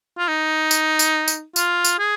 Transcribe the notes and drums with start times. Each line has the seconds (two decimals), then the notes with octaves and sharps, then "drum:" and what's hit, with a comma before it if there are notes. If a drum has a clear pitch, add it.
0.18 F4
0.28 D#4
0.71 drum: tambourine
0.99 drum: tambourine
1.28 drum: tambourine
1.56 F4, drum: tambourine
1.85 drum: tambourine
1.99 G#4